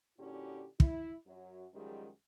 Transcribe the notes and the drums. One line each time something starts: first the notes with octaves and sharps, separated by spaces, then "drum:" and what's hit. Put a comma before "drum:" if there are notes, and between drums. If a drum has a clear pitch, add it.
A#2 D3 C#4 E4 F#4 G4
E4, drum: kick
F#2 F#3
F#2 D#3 F3 G3 G#3